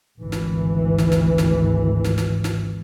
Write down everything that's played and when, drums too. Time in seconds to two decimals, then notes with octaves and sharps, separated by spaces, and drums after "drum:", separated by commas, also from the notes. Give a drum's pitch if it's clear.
0.19 G#1 D2 G#2 E3
0.32 drum: snare
0.98 drum: snare
1.12 drum: snare
1.38 drum: snare
2.04 drum: snare
2.18 drum: snare
2.44 drum: snare